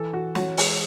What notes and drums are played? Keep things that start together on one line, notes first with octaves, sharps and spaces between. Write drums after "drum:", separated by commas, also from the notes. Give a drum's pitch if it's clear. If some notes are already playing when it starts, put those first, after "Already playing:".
Already playing: E3 A4
E3 F#4
F#4 C#5, drum: snare
G#3, drum: open hi-hat